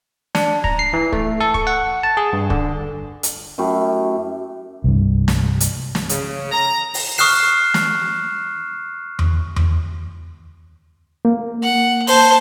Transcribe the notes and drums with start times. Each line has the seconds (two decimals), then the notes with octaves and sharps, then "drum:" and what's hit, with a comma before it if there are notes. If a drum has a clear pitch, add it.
0.35 D4, drum: snare
0.64 A#5, drum: kick
0.79 C7
0.93 E3
1.12 A3, drum: kick
1.40 A4
1.54 C#6, drum: kick
1.67 F#5
2.03 A5
2.17 G#4
2.33 G2
2.50 D3, drum: kick
3.23 drum: hi-hat
3.58 F#2 A3 E4 G4
4.84 C2 G2
5.28 drum: snare
5.60 drum: hi-hat
5.95 drum: snare
6.09 C#3, drum: hi-hat
6.52 A#5
6.94 drum: open hi-hat
7.18 C#6 D#6 F6 F#6 C7 E7, drum: open hi-hat
7.74 drum: snare
9.19 drum: tom E2
9.56 drum: tom E2
11.25 A#3
11.62 F#5
12.07 C5 A5, drum: open hi-hat